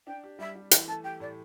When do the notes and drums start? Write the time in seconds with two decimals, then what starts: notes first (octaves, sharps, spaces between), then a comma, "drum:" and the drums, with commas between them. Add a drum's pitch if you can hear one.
0.07 D4 G5
0.24 G4
0.39 G3 E5
0.56 G3
0.71 E3 G5, drum: hi-hat
0.88 A3 A5
1.04 G4 G5
1.20 A2 D5